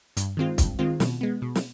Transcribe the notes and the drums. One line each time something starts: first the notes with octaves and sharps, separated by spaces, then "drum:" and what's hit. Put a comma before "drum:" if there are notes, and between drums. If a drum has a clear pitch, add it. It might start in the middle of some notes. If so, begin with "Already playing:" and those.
G2, drum: hi-hat
D#3 G#3 C4 F4
G2, drum: kick, hi-hat
D#3 G#3 C4 F4
B2, drum: snare
G#3 B3
B2
drum: snare